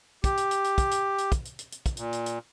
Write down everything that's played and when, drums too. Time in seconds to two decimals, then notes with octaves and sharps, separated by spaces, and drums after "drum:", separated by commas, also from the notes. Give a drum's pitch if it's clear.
0.24 G4, drum: kick, hi-hat
0.37 drum: hi-hat
0.51 drum: hi-hat
0.64 drum: hi-hat
0.78 drum: kick, hi-hat
0.91 drum: hi-hat
1.18 drum: hi-hat
1.32 drum: kick, hi-hat
1.45 drum: hi-hat
1.59 drum: hi-hat
1.72 drum: hi-hat
1.86 drum: kick, hi-hat
1.97 A#2, drum: hi-hat
2.13 drum: hi-hat
2.26 drum: hi-hat